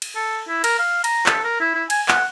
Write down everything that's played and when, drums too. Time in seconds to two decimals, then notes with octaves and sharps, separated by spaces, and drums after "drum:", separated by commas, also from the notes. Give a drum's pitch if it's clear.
0.02 drum: cymbal
0.16 A4
0.48 E4
0.64 A#4, drum: cymbal
0.79 F5
1.04 A#5, drum: cymbal
1.26 A4, drum: clap
1.44 A#4
1.60 E4
1.75 E4
1.90 G#5, drum: cymbal
2.08 F#5, drum: clap